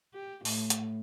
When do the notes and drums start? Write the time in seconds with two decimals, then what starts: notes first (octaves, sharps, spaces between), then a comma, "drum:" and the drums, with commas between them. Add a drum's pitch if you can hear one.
0.14 G4
0.45 A2, drum: open hi-hat
0.70 drum: hi-hat